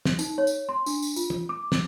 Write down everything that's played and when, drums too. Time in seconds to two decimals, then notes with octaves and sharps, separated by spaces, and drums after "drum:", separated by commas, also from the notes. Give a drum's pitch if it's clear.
0.05 drum: snare
0.19 D#4, drum: tambourine
0.38 C#5
0.47 drum: tambourine
0.69 C6
0.86 D4, drum: tambourine
1.02 drum: tambourine
1.16 F4, drum: tambourine
1.30 drum: tom
1.49 D6
1.72 drum: snare